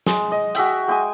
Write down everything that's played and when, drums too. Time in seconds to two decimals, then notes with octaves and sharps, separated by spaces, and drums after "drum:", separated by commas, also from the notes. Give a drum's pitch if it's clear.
0.06 G#3, drum: snare
0.32 D#5
0.55 F#4 G#4 E5 G5, drum: hi-hat
0.88 G#3 G5 G#5 D#6